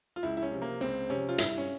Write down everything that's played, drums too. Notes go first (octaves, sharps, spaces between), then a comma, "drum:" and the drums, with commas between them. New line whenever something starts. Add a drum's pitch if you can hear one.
F4
C#2 E4
E4
C#4
C3 F3
A#3
C#2 C4
C3 F3 C#4
F4
G2 E4, drum: hi-hat
C#4